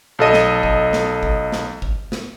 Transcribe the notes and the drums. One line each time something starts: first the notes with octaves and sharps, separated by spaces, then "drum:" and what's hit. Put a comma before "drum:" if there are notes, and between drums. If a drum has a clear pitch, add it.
B1 A4 D#5 D#7
drum: snare
drum: kick G1
drum: snare
drum: kick G1
drum: snare
drum: kick G1
drum: snare